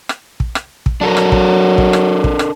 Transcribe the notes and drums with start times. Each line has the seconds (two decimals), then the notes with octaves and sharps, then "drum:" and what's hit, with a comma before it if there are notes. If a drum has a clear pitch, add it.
0.09 drum: rim click
0.40 drum: kick
0.55 drum: rim click
0.86 drum: kick
1.01 F#3 D4 A4 A#4
1.17 drum: rim click
1.32 drum: kick
1.78 drum: kick
1.93 drum: rim click
2.24 drum: kick
2.39 drum: rim click